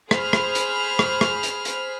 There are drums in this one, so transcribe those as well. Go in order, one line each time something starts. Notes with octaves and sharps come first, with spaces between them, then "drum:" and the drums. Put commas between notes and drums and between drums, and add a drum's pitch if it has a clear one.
G#4 C5 B5 F6, drum: rim click
drum: rim click
drum: hi-hat
drum: rim click
drum: rim click
drum: hi-hat
drum: hi-hat